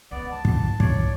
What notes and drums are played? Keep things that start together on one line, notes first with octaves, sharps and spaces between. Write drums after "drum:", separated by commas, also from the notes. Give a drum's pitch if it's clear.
C#2 B3 D5
A5
drum: kick
C#5 D5, drum: kick
C#2